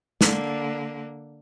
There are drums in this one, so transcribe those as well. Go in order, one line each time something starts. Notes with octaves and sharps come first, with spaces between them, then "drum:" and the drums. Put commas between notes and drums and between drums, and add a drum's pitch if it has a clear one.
D3 A#3, drum: snare